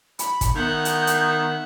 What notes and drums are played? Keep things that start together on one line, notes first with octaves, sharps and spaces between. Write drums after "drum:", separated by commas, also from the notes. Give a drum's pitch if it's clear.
B5, drum: hi-hat
drum: kick, hi-hat
D#3 B3 E5 F#5 G6
drum: hi-hat
drum: hi-hat